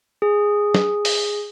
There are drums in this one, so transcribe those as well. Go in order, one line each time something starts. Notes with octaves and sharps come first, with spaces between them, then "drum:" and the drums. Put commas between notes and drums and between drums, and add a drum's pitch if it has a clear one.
G#4
drum: snare
drum: open hi-hat